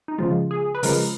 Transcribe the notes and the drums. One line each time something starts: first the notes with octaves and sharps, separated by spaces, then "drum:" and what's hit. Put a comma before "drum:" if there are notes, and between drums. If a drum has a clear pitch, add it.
D#4
C#3 F3 G#3 F4
G#4
B4
C#3 F3 G#3 A#4, drum: open hi-hat